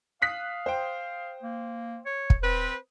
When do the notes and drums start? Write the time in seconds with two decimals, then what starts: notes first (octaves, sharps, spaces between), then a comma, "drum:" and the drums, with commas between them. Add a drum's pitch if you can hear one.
0.22 F5 D#6 F#6 B6
0.66 C5 G5
1.42 A#3
2.05 C#5
2.30 drum: kick
2.42 C4 B4 C5